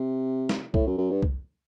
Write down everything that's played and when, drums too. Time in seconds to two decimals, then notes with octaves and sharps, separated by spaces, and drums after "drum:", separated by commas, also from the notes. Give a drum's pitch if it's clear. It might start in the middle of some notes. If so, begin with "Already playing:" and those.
Already playing: C3
0.49 drum: snare
0.74 A2, drum: kick C2
0.87 F#2
0.98 F#2
1.10 G2
1.22 drum: kick C2